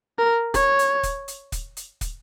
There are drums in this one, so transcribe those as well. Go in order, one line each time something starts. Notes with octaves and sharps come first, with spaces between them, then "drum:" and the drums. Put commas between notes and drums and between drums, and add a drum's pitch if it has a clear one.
A#4
C#5, drum: kick, hi-hat
drum: hi-hat
drum: kick, hi-hat
drum: hi-hat
drum: kick, hi-hat
drum: hi-hat
drum: kick, hi-hat